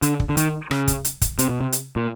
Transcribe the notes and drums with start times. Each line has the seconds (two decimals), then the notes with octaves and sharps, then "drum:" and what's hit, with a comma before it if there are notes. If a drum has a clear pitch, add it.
0.02 D3, drum: hi-hat
0.20 drum: kick
0.29 D3
0.37 D#3, drum: hi-hat
0.71 C#3, drum: rim click
0.88 drum: kick, hi-hat
1.05 drum: hi-hat
1.22 drum: kick, hi-hat
1.39 C3, drum: hi-hat
1.49 B2
1.61 C3
1.72 drum: hi-hat
1.96 A#2